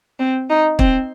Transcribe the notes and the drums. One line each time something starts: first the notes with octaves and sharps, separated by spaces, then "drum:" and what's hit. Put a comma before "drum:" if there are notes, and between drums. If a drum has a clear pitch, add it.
C4
D#4
C4, drum: kick